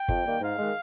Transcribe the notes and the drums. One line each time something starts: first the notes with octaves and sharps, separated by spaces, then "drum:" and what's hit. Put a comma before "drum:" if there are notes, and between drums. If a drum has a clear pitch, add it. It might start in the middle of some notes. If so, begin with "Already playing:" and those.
Already playing: G5
F2, drum: kick G1
D#3 G3 A#3
G#2 F5
D#3 G#3